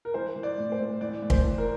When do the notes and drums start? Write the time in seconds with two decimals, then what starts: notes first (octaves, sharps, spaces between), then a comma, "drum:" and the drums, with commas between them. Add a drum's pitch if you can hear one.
0.05 A#4
0.14 E3 C5
0.36 E3
0.43 D5
0.58 A2
0.72 C5
0.79 A2
1.01 E3 D5
1.22 A2
1.30 C5, drum: kick
1.44 E3
1.58 A#4